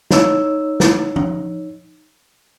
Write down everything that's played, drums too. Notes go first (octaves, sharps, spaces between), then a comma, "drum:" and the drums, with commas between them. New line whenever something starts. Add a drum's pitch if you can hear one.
D#4 C#5 E6, drum: snare
drum: snare
drum: tom